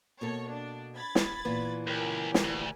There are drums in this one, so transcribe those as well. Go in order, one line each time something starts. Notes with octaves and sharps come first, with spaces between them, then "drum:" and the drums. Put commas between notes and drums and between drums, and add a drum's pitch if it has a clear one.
B2 A#3 A4 C#5
D4
B5 G#6 A6
drum: snare
A#2 E3 B3
C#2 G4 A#4 G#5
drum: snare
D2